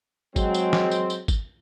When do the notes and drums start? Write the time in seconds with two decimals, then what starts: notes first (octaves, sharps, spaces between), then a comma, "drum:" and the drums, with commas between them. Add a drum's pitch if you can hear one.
0.36 F#3 G#3 C4, drum: kick G#1, tambourine
0.54 drum: tambourine
0.73 drum: snare
0.91 drum: tambourine
1.10 drum: tambourine
1.28 drum: kick G#1, tambourine